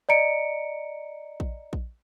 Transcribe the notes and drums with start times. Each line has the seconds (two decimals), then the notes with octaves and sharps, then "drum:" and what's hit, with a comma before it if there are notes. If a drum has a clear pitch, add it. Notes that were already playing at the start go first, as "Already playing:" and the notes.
0.09 D5 D#5 A#5 C#7 D7
1.40 drum: kick A#1
1.73 drum: kick A#1